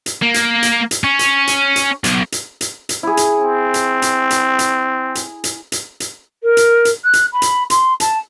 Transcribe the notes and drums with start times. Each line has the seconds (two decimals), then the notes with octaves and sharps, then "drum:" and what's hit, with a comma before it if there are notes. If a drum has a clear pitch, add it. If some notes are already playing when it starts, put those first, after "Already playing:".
0.06 drum: hi-hat
0.22 A#3
0.34 drum: hi-hat
0.63 drum: hi-hat
0.91 drum: hi-hat
1.04 C#4
1.19 drum: hi-hat
1.47 drum: hi-hat
1.76 drum: hi-hat
2.04 B1, drum: hi-hat
2.32 drum: hi-hat
2.61 drum: hi-hat
2.89 drum: hi-hat
3.03 E4 G#4
3.17 drum: hi-hat
3.39 C4
3.74 drum: hi-hat
4.02 drum: hi-hat
4.30 drum: hi-hat
4.59 drum: hi-hat
5.15 drum: hi-hat
5.44 drum: hi-hat
5.72 drum: hi-hat
6.00 drum: hi-hat
6.43 A#4
6.57 drum: hi-hat
6.85 drum: hi-hat
7.04 F#6
7.13 drum: hi-hat
7.32 B5
7.42 drum: hi-hat
7.70 C6, drum: hi-hat
8.00 A5, drum: hi-hat